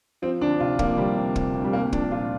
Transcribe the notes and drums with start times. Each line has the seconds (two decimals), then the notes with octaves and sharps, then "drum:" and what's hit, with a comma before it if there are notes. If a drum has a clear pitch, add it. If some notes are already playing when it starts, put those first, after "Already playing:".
0.22 F3 C4
0.41 D2 D4
0.60 C3 F4
0.79 F3 A#3, drum: kick
0.97 C3 G3
1.16 C3
1.36 C3, drum: kick
1.55 D2
1.64 G3
1.73 C2 A#3
1.93 F3 D4, drum: kick
2.11 A#2 F4